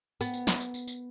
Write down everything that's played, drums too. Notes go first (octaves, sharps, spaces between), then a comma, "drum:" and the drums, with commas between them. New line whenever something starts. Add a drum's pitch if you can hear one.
B3, drum: tambourine
drum: tambourine
drum: snare
drum: tambourine
drum: tambourine
drum: tambourine